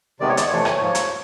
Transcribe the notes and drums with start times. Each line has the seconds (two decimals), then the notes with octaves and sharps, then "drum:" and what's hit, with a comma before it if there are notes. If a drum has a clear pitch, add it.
0.20 C3 D#3 G#3 B3 D5
0.29 C#5
0.37 D5, drum: hi-hat
0.50 F2 C3 E3 A3 C#5
0.65 drum: rim click
0.79 G#2 F3 A#3
0.95 drum: hi-hat